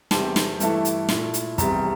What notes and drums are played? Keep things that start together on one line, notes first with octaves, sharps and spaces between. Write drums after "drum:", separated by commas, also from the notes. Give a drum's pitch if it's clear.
E2 C3 G3 C4 G4 A5, drum: snare
drum: snare
G2 E3 A3 E4 A4, drum: hi-hat
drum: hi-hat
A#2 A3 E4, drum: snare
drum: hi-hat
F1 E2 C3 G3 A#5, drum: kick, hi-hat